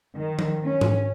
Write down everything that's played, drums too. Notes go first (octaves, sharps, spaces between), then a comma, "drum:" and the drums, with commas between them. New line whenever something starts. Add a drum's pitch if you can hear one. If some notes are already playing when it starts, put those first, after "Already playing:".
D#3
drum: tom F3
C#4
drum: tom G#2